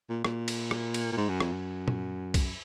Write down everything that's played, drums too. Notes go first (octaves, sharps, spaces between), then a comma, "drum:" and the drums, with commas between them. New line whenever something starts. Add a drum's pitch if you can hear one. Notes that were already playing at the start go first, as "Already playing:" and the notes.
A#2
A#2, drum: rim click
drum: cymbal
drum: rim click
drum: cymbal
A#2
G#2
F#2
F2, drum: rim click
F#2
drum: tom
drum: kick, cymbal